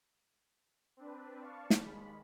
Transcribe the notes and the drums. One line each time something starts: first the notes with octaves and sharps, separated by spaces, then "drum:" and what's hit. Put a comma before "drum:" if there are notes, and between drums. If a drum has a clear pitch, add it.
C4 D4 B4
D5 F5 A5 C#6
drum: snare
D#2 G#3 B5